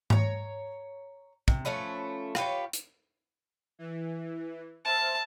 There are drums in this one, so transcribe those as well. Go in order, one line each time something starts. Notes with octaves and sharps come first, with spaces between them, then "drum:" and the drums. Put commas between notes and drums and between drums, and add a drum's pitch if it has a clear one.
C#5 A#5, drum: tom G#2
C3, drum: kick
F3 A3 C#4 B4
F4 G4 B4 C#5, drum: rim click
drum: hi-hat
E3
C5 E5 A5 F6